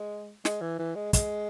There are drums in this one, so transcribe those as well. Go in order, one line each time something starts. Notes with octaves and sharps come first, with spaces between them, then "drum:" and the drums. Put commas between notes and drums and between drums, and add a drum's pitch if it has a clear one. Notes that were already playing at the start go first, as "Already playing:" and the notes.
Already playing: G#3
G#3, drum: snare
E3
E3
G#3
G#3, drum: kick, hi-hat